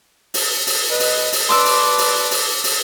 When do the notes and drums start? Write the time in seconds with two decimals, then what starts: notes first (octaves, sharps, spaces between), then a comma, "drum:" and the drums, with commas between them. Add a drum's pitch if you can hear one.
0.34 drum: open hi-hat
0.67 drum: open hi-hat
0.90 B4 D#5
1.00 drum: open hi-hat
1.32 drum: open hi-hat
1.49 B4 D5 A5 C6 D6 E6
1.65 drum: open hi-hat
1.98 drum: open hi-hat
2.31 drum: open hi-hat
2.64 drum: open hi-hat